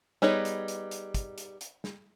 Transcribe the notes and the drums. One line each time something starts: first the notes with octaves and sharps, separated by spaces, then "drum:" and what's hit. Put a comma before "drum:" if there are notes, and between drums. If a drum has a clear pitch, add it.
G3 B3 D#4 G#4 C#5, drum: snare
drum: hi-hat
drum: hi-hat
drum: hi-hat
drum: kick, hi-hat
drum: hi-hat
drum: hi-hat
drum: snare